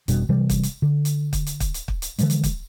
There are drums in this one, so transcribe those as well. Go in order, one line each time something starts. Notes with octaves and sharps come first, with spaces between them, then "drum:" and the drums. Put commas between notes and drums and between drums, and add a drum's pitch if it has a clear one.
F1 B2 G3 D4, drum: hi-hat
C3 E3 F#3 G3
drum: kick, hi-hat
drum: hi-hat
D3
drum: hi-hat
drum: kick, hi-hat
drum: hi-hat
drum: kick, hi-hat
drum: hi-hat
drum: kick
drum: hi-hat
D3 E3 F3 G#3, drum: hi-hat
drum: hi-hat
drum: kick, hi-hat